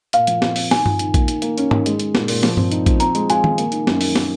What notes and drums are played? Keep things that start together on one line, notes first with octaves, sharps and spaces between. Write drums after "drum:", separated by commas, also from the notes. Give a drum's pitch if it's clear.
A#2 F5, drum: hi-hat
F3, drum: hi-hat
C4, drum: snare
C4, drum: open hi-hat
D#3 G#5, drum: snare
F4, drum: tom G2
D#3, drum: hi-hat
A#3, drum: kick, hi-hat
D#3, drum: hi-hat
A#3, drum: hi-hat
C#4, drum: hi-hat
D#3, drum: tom G#2
G#3, drum: hi-hat
G#3, drum: hi-hat
A#2, drum: snare
A#2, drum: open hi-hat
F3, drum: snare
C4, drum: tom G2
D#4, drum: hi-hat
F3, drum: kick, hi-hat
C4 A#5, drum: hi-hat
G#3, drum: hi-hat
F4 G#5, drum: hi-hat
C4, drum: tom D#3
A#3, drum: hi-hat
D#3, drum: hi-hat
F#2, drum: snare
D#3, drum: open hi-hat
drum: snare